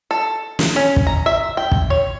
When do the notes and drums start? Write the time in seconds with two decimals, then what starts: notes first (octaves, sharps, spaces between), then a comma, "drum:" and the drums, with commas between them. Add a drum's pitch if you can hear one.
0.11 A4
0.59 drum: snare
0.76 C#4
0.96 drum: kick
1.07 A#5
1.26 E5
1.57 G5
1.72 drum: kick
1.90 C#5